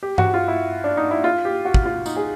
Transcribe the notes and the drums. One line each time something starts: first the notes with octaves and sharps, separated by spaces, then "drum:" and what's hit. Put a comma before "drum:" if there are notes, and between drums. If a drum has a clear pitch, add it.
G4
F#4, drum: tom G2
F4
E4
D4
D#4
E4
F4
G4
F#4
drum: kick
F4
D#4, drum: tambourine
G#4